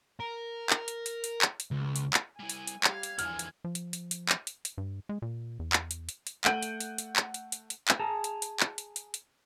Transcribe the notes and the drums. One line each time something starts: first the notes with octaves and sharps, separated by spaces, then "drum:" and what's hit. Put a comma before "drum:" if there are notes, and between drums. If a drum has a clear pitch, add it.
A#4
drum: clap
drum: hi-hat
drum: hi-hat
drum: hi-hat
drum: clap
drum: hi-hat
C#2
drum: hi-hat
drum: clap
G3 E4 G#5
drum: hi-hat
drum: hi-hat
G3 F5 G#6, drum: clap
drum: hi-hat
E2 D3 E3 F3 G#5 F6, drum: hi-hat
drum: hi-hat
F3
drum: hi-hat
drum: hi-hat
drum: hi-hat
drum: clap
drum: hi-hat
drum: hi-hat
G2
G#3
A#2
E2
drum: clap
drum: hi-hat
drum: hi-hat
drum: hi-hat
A3 F#5 G6 D7 D#7 F#7, drum: clap
drum: hi-hat
drum: hi-hat
drum: hi-hat
drum: clap
drum: hi-hat
drum: hi-hat
drum: hi-hat
drum: clap
G#4 A5 A#5
drum: hi-hat
drum: hi-hat
drum: clap
drum: hi-hat
drum: hi-hat
drum: hi-hat